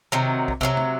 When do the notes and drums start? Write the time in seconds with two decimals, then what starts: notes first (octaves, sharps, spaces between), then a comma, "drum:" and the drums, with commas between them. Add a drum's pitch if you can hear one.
0.12 C3 D#3 F#3
0.48 drum: kick
0.61 C3 D#3 F#3, drum: kick
0.77 drum: tom